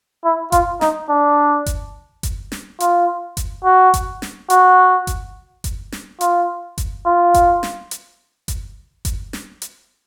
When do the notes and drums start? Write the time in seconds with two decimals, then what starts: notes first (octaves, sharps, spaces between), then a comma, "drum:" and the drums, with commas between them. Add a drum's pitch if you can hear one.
0.25 E4
0.52 F4, drum: kick G1, hi-hat
0.81 D#4, drum: snare
1.09 D4
1.66 drum: kick G1, hi-hat
2.23 drum: kick G1, hi-hat
2.52 drum: snare
2.80 F4, drum: hi-hat
3.37 drum: kick G1, hi-hat
3.65 F#4
3.94 drum: kick G1, hi-hat
4.22 drum: snare
4.50 F#4, drum: hi-hat
5.07 drum: kick G1, hi-hat
5.64 drum: kick G1, hi-hat
5.92 drum: snare
6.21 F4, drum: hi-hat
6.78 drum: kick G1, hi-hat
7.06 F4
7.34 drum: kick G1, hi-hat
7.63 drum: snare
7.91 drum: hi-hat
8.48 drum: kick G1, hi-hat
9.05 drum: kick G1, hi-hat
9.33 drum: snare
9.62 drum: hi-hat